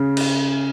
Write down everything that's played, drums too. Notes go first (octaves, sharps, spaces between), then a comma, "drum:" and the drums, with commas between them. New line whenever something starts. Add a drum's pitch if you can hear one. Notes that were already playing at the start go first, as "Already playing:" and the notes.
Already playing: C#3
drum: cymbal